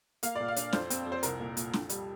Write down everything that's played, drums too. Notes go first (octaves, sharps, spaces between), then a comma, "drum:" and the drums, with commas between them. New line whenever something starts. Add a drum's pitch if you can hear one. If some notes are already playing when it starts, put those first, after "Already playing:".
A#3 F5, drum: hi-hat
A#2 D5
F5
D4, drum: hi-hat
F2 C5, drum: snare
C4, drum: hi-hat
F2
C5
C2 A#4, drum: hi-hat
A#2
A#2, drum: hi-hat
F2, drum: snare
G3, drum: hi-hat